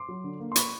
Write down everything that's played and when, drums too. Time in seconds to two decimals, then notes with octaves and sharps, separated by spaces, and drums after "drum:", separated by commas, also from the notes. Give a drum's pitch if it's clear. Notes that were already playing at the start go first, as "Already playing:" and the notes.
Already playing: C6 D6
0.09 F#3
0.24 D3
0.40 A#3
0.52 C6
0.56 B5 C#6, drum: hi-hat